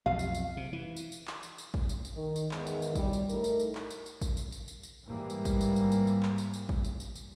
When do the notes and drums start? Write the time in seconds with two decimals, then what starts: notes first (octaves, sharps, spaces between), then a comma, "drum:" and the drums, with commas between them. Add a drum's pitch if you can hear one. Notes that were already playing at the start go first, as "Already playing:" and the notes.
0.06 B1 F2 F5
0.19 drum: tambourine
0.35 drum: tambourine
0.57 C3
0.73 E3
0.96 drum: tambourine
1.12 drum: tambourine
1.27 drum: clap
1.43 drum: tambourine
1.58 drum: tambourine
1.74 drum: kick A1
1.89 drum: tambourine
2.05 drum: tambourine
2.16 D#3
2.36 drum: tambourine
2.51 E2 G#2 D#3, drum: clap
2.67 drum: tambourine
2.82 drum: tambourine
2.95 F#2 G3, drum: kick A1, tambourine
3.13 drum: tambourine
3.29 A2 D#4 A#4, drum: tambourine
3.44 drum: tambourine
3.60 drum: tambourine
3.75 drum: clap
3.91 drum: tambourine
4.06 drum: tambourine
4.21 drum: kick A1, tambourine
4.37 drum: tambourine
4.52 drum: tambourine
4.68 drum: tambourine
4.83 drum: tambourine
5.06 G#2 E3 G3 A#3
5.30 drum: tambourine
5.45 drum: kick A1, tambourine
5.61 drum: tambourine
5.76 drum: tambourine
5.92 drum: tambourine
6.07 drum: tambourine
6.23 drum: clap
6.38 drum: tambourine
6.54 drum: tambourine
6.69 drum: kick A1
6.85 drum: tambourine
7.00 drum: tambourine
7.16 drum: tambourine